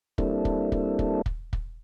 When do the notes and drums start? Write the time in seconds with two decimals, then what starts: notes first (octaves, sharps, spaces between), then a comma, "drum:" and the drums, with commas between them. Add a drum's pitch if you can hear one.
0.18 G3 A#3 C4 D4 E4 A4, drum: kick
0.45 drum: kick
0.72 drum: kick
0.99 drum: kick
1.26 drum: kick
1.53 drum: kick